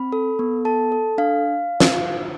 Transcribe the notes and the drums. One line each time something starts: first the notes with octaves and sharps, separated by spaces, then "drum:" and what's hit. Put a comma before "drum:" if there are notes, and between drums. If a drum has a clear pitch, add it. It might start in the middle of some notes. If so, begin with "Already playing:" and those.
Already playing: C4 B5
A4
B3
A4 A5
A4
D4 F5
drum: snare